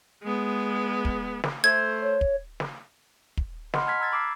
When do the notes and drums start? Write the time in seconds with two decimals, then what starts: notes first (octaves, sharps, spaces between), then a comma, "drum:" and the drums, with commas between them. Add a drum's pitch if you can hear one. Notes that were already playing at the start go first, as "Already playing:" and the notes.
0.23 G#3 B3
1.05 drum: kick
1.44 drum: snare
1.64 A3 C5 G#6
2.02 C#5
2.21 drum: kick
2.60 drum: snare
3.37 drum: kick
3.74 D#5 F#5 B5 C6 F6, drum: snare
3.86 A5 F6 G#6 B6
4.00 A#5 E6 G#6 A6
4.12 B5 D6 E6 C7